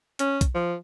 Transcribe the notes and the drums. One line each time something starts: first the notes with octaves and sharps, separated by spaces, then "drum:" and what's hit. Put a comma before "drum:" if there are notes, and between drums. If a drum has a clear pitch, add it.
C#4, drum: hi-hat
drum: kick B1, hi-hat
F3